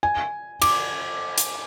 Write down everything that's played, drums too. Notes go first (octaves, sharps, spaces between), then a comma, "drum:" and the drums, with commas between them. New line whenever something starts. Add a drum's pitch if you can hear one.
G#5
D6, drum: cymbal
drum: hi-hat